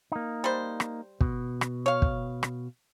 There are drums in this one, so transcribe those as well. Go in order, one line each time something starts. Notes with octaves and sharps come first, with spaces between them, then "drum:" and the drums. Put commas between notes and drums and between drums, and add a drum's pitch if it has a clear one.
A#3 D#4
G3 C5
drum: rim click
B2, drum: kick
drum: rim click
C#5 F5
drum: kick
drum: rim click